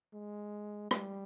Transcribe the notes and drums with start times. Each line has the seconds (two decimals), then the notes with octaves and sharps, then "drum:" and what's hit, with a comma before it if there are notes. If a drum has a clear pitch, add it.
0.13 G#3
0.91 G3, drum: rim click